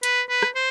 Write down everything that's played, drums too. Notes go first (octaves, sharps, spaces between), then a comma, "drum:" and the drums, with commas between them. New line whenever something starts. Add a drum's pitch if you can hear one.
B4, drum: hi-hat
B4
drum: rim click
C5